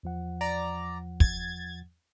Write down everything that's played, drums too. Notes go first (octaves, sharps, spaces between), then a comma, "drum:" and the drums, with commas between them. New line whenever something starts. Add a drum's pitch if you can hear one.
E2 F3 F#5
D5 A#5
G#6 A6, drum: kick